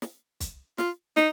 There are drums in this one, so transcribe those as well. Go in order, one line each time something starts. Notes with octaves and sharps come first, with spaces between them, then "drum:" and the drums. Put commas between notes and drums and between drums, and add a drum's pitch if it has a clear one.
drum: snare
drum: kick, hi-hat
F4, drum: snare
D#4, drum: snare